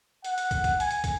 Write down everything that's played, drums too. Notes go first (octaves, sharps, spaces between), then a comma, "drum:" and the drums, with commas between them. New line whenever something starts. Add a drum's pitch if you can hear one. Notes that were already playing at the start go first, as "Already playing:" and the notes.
F#5, drum: hi-hat
drum: hi-hat
drum: kick, hi-hat
drum: kick, hi-hat
G#5, drum: hi-hat
drum: hi-hat
drum: kick, hi-hat